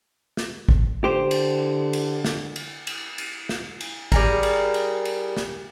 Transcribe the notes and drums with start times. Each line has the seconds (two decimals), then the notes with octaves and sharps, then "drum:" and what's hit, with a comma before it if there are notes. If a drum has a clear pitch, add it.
0.37 drum: snare
0.69 drum: kick
1.04 D3 G4 C5
1.31 drum: cymbal
1.93 drum: cymbal
2.25 drum: snare
2.56 drum: cymbal
2.87 drum: cymbal
3.18 drum: cymbal
3.49 drum: snare
3.81 drum: cymbal
4.12 G3 G#4 A#4, drum: kick, cymbal
4.43 drum: cymbal
4.74 drum: cymbal
5.05 drum: cymbal
5.37 drum: snare